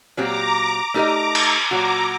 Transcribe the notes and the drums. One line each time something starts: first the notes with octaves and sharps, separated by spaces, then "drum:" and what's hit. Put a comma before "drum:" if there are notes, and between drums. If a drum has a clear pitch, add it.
A#2 F#3 C4 G4 A#5 D6
A3 D#4 G4 A#4 D#5 A#5 D6
drum: cymbal
A#2 F#3 A#3 F#4 A#5 D6